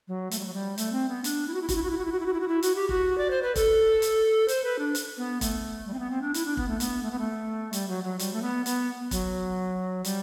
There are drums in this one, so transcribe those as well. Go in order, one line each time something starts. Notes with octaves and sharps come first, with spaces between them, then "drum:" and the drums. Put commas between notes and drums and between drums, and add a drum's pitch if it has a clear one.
F#3
A3, drum: hi-hat
G3
F#3
G3
A3, drum: hi-hat
C4
B3
D4, drum: hi-hat
E4
F#4
E4
F#4, drum: kick, hi-hat
E4
F#4
E4
F#4
E4
F#4
E4
F#4
E4
F#4
E4
F#4, drum: hi-hat
G4
F#4, drum: kick
D5
C5
B4
A4, drum: kick, hi-hat
drum: hi-hat
C5, drum: hi-hat
B4
D4
drum: hi-hat
B3
A3, drum: kick, hi-hat
G3
C4
B3
C4
D4
E4, drum: hi-hat
D4
B3, drum: kick
A3
B3, drum: hi-hat
A3
B3
A3
G3, drum: hi-hat
F#3
F#3
G3, drum: hi-hat
A3
B3
B3, drum: hi-hat
F#3, drum: kick, hi-hat
G3, drum: hi-hat